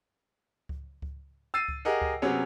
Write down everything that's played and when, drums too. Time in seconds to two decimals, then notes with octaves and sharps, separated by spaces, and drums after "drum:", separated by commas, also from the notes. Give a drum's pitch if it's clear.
0.69 drum: kick C#2
1.02 drum: kick C#2
1.54 E6 A6 C7 D#7
1.68 drum: kick C#2
1.85 G4 G#4 A#4 D#5 F#5
2.02 drum: kick C#2
2.22 C3 F#3 B3 C#4 G#4